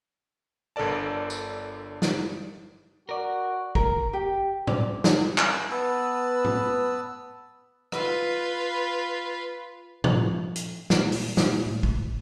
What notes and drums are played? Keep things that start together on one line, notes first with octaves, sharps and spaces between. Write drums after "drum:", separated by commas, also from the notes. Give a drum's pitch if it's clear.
G1 D3 A4 A#4 D5 A5
drum: tambourine
drum: snare
F#4 A#4 D5
A#4, drum: kick
G4
D5, drum: tom A2
drum: snare
drum: clap
B3 B4 A5 E6
drum: tom A2
F4 B4, drum: rim click
F3, drum: tom A2
drum: hi-hat
A#2, drum: snare
drum: open hi-hat
A#2, drum: snare
A2
drum: kick